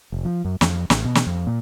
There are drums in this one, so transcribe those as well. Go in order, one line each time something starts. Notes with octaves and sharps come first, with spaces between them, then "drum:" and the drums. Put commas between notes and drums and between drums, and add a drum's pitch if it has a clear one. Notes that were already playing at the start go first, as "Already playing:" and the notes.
F1
F3
F#2
F2, drum: snare
A1, drum: snare
B2
drum: snare
F2
A#2